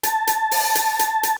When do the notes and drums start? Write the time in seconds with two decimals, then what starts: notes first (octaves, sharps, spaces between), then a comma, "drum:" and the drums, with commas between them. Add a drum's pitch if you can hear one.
0.03 A5, drum: hi-hat
0.27 drum: hi-hat
0.51 drum: open hi-hat
0.75 drum: hi-hat
0.99 drum: hi-hat
1.23 drum: hi-hat